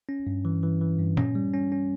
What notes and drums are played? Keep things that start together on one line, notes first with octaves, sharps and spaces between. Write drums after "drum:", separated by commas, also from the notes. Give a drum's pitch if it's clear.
C#4
G2
E3
E3
E3
G2
C#4, drum: tom A#2
G3
C#4
C#4